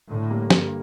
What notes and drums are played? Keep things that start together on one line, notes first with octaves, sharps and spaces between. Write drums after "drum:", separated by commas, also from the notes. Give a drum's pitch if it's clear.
A2 D3
G3 A#3
G2 D3, drum: snare